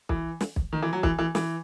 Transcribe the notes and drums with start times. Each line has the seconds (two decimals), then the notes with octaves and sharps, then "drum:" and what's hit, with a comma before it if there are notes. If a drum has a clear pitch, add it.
0.09 E3, drum: kick B1
0.41 drum: snare
0.56 drum: kick B1
0.73 D#3
0.83 E3
0.93 F#3
1.03 E3, drum: kick B1
1.19 E3
1.35 E3, drum: snare